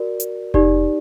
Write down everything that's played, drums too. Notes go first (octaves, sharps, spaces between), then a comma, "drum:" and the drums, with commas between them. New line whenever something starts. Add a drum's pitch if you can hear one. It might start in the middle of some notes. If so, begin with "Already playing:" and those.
Already playing: F#4 A#4 D5
drum: hi-hat
D#4 G4 D5, drum: kick F1